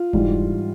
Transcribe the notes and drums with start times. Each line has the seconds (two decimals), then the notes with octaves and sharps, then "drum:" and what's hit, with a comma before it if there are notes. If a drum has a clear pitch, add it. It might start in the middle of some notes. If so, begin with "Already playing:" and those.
Already playing: F4
0.13 G#2 E3 G3, drum: kick F1